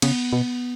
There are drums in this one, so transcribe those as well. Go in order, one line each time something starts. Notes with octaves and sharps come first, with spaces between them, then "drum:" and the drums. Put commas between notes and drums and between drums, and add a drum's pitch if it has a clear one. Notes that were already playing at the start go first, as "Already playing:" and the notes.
C#3 B3, drum: cymbal
B2